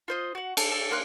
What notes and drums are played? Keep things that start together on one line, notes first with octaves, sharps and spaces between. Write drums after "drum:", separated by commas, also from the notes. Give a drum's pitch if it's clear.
F4 C5 D#5
F#4 F#5
A4, drum: cymbal
A4
A#3 C6 F#6